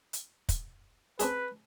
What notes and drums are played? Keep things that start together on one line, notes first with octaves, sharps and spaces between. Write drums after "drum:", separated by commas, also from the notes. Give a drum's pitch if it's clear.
drum: hi-hat
drum: kick, hi-hat
C4 D4 G#4 B4, drum: hi-hat